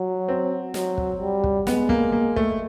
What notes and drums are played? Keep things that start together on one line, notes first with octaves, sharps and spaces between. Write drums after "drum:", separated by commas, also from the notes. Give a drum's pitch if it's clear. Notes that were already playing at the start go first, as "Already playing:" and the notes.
Already playing: F#3
C4
F#3, drum: snare
drum: kick
G3
drum: kick
G#3 B3, drum: snare
A#3, drum: kick
A#3
A3, drum: kick